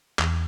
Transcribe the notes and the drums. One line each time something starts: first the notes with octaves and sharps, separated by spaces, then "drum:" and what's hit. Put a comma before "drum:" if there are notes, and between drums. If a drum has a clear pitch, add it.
E2, drum: clap